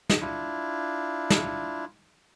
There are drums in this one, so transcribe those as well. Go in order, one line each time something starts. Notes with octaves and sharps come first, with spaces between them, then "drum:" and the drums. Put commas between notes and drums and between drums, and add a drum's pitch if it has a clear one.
drum: snare
D4 E4 F4
drum: snare